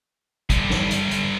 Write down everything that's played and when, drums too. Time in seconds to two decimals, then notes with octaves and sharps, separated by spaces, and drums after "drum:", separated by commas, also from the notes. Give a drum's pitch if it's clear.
0.50 G2 D3, drum: kick, hi-hat
0.70 drum: snare
0.91 drum: hi-hat
1.11 drum: hi-hat